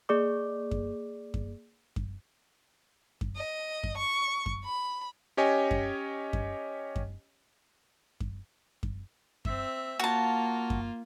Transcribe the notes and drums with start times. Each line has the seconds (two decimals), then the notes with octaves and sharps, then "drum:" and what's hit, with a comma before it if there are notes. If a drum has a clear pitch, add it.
0.09 A#3 G#4 D5 D6
0.72 drum: kick F#2
1.34 drum: kick F#2
1.96 drum: kick F#2
3.21 drum: kick F#2
3.36 D#5
3.84 drum: kick F#2
3.98 C#6
4.46 drum: kick F#2
4.64 B5
5.37 C#4 G4 C#5 D#5 G#5
5.71 drum: kick F#2
6.33 drum: kick F#2
6.96 drum: kick F#2
8.21 drum: kick F#2
8.83 drum: kick F#2
9.45 C4 E5, drum: kick F#2
10.00 A#3 F4 F#4 A5
10.70 drum: kick F#2